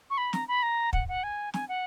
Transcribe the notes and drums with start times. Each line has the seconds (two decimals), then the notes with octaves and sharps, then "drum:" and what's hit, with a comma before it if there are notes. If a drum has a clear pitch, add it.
0.10 C#6
0.18 B5
0.33 A#5, drum: snare
0.48 B5
0.63 A#5
0.93 F#5, drum: kick
1.08 F#5
1.23 G#5
1.54 G#5, drum: snare
1.69 F#5